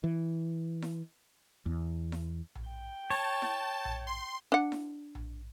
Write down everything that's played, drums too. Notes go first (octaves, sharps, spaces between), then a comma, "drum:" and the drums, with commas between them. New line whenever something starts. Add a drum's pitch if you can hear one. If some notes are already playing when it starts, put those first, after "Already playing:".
E3
drum: snare E4
E2
drum: snare E4
drum: tom A#1
G5
C#5 A5
drum: snare E4
drum: tom A#1
C6
D4 F#5
drum: snare E4
drum: tom A#1